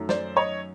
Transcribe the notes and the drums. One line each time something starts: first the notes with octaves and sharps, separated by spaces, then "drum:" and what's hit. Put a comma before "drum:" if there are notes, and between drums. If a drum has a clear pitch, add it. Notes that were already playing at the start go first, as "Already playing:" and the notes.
Already playing: F#2 D#3 F#3 A3
C5 D5, drum: snare
C#5 D#5